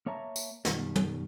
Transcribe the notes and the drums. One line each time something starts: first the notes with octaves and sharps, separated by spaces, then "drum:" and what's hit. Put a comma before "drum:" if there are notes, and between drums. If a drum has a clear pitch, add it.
A#3 C#5 E5 A5 A#5
drum: tambourine
F#2 B2 D#3 G3, drum: snare
drum: tom